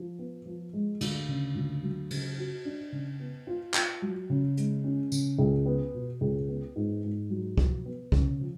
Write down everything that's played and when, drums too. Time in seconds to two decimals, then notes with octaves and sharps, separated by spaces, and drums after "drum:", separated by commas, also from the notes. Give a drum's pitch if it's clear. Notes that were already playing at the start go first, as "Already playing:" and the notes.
Already playing: F3
0.19 B3
0.46 F3
0.73 G#3
1.01 D2, drum: cymbal
1.29 C#3
1.55 D2
1.83 F#3
2.10 C#3, drum: cymbal
2.38 F#4
2.65 D4
2.92 C#3
3.20 B3
3.47 F4
3.74 F4, drum: clap
4.02 F#3
4.30 C#3
4.57 G#3, drum: hi-hat
4.84 C#4
5.12 C#3, drum: tambourine
5.39 C#2
5.66 B3
5.94 B2
6.21 C#2
6.49 B3
6.76 G#2
7.04 G#2
7.30 F#3
7.58 F3, drum: kick
7.86 B3
8.12 C#3, drum: kick
8.40 F3